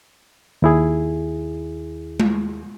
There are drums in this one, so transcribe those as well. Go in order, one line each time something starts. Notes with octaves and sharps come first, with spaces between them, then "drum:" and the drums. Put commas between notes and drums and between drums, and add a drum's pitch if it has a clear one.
D#2 E4 G#4
drum: tom G#3